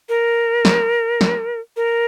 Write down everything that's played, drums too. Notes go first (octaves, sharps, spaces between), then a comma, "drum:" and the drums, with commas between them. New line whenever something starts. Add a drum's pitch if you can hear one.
A#4
drum: snare
drum: snare
A#4